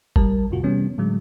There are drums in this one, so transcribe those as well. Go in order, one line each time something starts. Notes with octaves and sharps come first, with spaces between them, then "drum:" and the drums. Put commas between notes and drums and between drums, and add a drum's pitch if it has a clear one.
A#1 G3 A#4 A5, drum: kick F#1
F2 A2 C3 F4 F#4
C3 E3 G3 B3 C#4
A2 D3 F#3 G#3